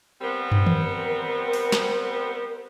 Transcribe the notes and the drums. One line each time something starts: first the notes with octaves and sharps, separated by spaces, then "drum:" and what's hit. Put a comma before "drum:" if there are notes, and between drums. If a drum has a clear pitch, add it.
G3 B3 C4 A#4
drum: tom
drum: tom D#3
drum: open hi-hat
drum: snare